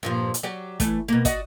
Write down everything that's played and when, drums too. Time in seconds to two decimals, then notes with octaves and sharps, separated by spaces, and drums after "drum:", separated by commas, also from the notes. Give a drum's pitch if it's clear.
0.03 G2 A#2 F3
0.34 drum: hi-hat
0.43 F#3 G4 D5
0.80 E3 A3, drum: kick, hi-hat
1.08 B2 A#3
1.25 F#4 D5 D#5, drum: kick, hi-hat